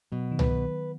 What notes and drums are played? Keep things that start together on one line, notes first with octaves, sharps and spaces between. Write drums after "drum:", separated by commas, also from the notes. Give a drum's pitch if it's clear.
B2 F#3
D#3
B4, drum: tom C2